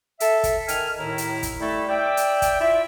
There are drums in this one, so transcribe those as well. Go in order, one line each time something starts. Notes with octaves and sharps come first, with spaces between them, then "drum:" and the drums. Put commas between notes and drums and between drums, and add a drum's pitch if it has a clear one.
A4 E5, drum: hi-hat
drum: kick, hi-hat
D#3 A#4 G#5 F6, drum: hi-hat
D#2 A2 D#3 E4 A#5
drum: hi-hat
drum: kick, hi-hat
G3 A3 E4 A4
D5 E5 G5
drum: hi-hat
drum: kick, hi-hat
E4 F4 D5 E5